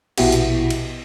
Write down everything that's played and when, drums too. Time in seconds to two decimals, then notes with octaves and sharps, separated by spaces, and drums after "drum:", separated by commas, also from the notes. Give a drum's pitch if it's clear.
0.18 A#1 B2 B3 E4 F#4 G4, drum: cymbal
0.32 drum: hi-hat
0.70 drum: cymbal